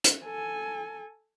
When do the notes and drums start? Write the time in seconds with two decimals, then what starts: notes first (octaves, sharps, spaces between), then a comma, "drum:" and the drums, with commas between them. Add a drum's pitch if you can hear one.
0.04 drum: hi-hat
0.24 A4 G#5